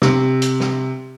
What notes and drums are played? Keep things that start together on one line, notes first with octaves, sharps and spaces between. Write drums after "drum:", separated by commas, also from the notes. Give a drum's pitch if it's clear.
C3, drum: snare
drum: hi-hat
drum: snare